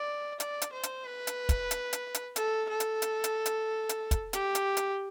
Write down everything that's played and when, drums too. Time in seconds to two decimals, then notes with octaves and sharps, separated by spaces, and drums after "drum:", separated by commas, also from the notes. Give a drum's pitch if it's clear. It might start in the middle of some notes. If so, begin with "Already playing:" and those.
Already playing: D5
0.40 D5, drum: hi-hat
0.62 drum: hi-hat
0.73 C5
0.83 drum: hi-hat
1.05 B4
1.27 drum: hi-hat
1.49 drum: kick, hi-hat
1.71 drum: hi-hat
1.93 drum: hi-hat
2.14 drum: hi-hat
2.36 A4, drum: hi-hat
2.69 A4
2.80 drum: hi-hat
3.02 drum: hi-hat
3.24 drum: hi-hat
3.46 drum: hi-hat
3.89 drum: hi-hat
4.11 drum: kick, hi-hat
4.33 G4, drum: hi-hat
4.55 drum: hi-hat
4.77 drum: hi-hat